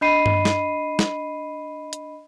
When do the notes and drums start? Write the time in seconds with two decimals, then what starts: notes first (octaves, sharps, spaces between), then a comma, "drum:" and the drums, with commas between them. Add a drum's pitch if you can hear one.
0.01 D4 D#5 B5 C7 D#7
0.26 drum: tom G2
0.45 drum: snare
0.99 drum: snare
1.93 drum: hi-hat